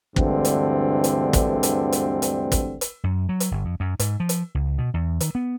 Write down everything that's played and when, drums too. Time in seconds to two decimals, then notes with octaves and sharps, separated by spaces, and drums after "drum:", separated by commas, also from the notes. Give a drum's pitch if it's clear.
0.16 D2 G2 D3 E3 G#3 C4, drum: kick
0.45 drum: hi-hat
1.04 drum: hi-hat
1.33 drum: kick, hi-hat
1.63 drum: hi-hat
1.92 drum: hi-hat
2.22 drum: hi-hat
2.52 drum: kick, hi-hat
2.81 drum: hi-hat
3.04 F#2
3.29 F#3
3.40 drum: hi-hat
3.51 G1
3.65 F2
3.80 F#2
3.99 G#2, drum: hi-hat
4.20 F3
4.29 drum: hi-hat
4.55 C#2
4.78 B2
4.94 E2
5.20 D#3, drum: hi-hat
5.35 B3